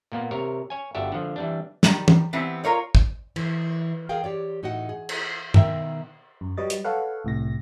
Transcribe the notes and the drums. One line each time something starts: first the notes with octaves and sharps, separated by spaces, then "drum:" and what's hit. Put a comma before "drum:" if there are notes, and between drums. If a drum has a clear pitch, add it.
A#2 A#3 B3
C3 A#4 C#5
C#5 G#5
G1 D4 F#4 G4 E5
D3 F3
E3 G3 D4
D#3 G3, drum: snare
drum: tom
E3 G3 B3 C4 E4
F4 A#4 C#5 D5
drum: kick
E3, drum: cymbal
G#4 A#4 F5 G5
G4 C#5 D5
A2 D#4 F#4 D#5 F#5
G#4
drum: cymbal
B2 D#3 A#4 E5 G5, drum: tom G2
F#2
F#3 G3 B4 C#5 D#5 A6
drum: hi-hat
A4 B4 C#5 F5 F#5
C2 A2 C3 A#6